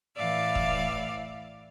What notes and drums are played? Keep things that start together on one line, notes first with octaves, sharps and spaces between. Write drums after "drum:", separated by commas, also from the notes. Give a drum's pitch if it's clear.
A2 E3 D5 E5 F5
drum: kick E1